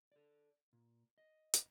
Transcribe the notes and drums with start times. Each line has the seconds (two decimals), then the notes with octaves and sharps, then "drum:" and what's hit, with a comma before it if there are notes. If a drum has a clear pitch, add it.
0.12 A4 D5
0.73 A#2
1.18 D#5
1.54 drum: hi-hat